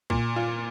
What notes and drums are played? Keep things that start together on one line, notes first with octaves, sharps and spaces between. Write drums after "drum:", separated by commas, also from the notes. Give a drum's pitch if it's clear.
A#2, drum: kick
F4